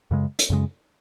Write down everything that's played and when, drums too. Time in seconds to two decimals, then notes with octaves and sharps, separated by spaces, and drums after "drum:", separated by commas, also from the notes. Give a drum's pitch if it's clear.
0.11 F#2 C#3 G#3
0.39 drum: hi-hat
0.50 F#2 C#3 G#3